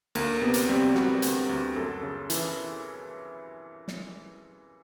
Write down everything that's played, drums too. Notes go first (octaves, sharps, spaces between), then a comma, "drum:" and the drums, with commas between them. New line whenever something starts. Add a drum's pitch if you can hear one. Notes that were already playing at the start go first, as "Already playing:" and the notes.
D2 A#3, drum: cymbal
C3 B3
drum: hi-hat
G3 C4
G3 F#4, drum: snare
D2, drum: hi-hat
D2
F#2 A4
C#3
E3 E4, drum: hi-hat
drum: snare